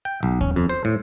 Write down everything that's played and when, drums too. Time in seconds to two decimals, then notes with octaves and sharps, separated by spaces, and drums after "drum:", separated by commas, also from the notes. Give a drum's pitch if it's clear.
0.05 G5
0.23 B1
0.41 C#4, drum: kick D#2
0.56 F2
0.69 C5
0.85 A2